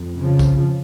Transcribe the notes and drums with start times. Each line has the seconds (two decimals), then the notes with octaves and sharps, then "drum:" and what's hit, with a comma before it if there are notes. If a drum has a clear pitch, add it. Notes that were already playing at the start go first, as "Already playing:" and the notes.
Already playing: F2
0.20 C#3 F3
0.39 drum: kick, tambourine